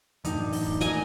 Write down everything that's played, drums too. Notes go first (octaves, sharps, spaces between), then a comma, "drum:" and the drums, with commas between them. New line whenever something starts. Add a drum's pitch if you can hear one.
F#2 A2 E3 D4 D#4 G5, drum: hi-hat
drum: open hi-hat
drum: kick
A#2 D#5 G#5 A#5, drum: hi-hat